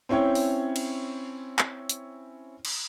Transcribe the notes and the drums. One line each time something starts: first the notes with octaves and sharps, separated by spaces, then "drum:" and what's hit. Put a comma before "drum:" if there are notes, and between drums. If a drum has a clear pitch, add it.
C4 C#4 E4 C#5 G5
drum: open hi-hat
drum: cymbal
drum: clap
drum: hi-hat
drum: cymbal